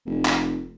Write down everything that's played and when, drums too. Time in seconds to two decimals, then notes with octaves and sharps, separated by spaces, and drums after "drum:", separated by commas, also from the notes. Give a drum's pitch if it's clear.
0.06 F1
0.25 drum: clap